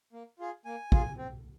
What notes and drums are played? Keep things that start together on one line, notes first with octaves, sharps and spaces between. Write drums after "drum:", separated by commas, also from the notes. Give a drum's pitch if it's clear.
A#3
F4 G#4
A#3 G#5
F4 G#4, drum: kick
C4